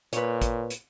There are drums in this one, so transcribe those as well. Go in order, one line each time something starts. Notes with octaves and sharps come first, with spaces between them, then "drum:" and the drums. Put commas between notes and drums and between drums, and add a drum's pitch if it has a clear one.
A#2 B4 C#5, drum: hi-hat
drum: kick, hi-hat
drum: hi-hat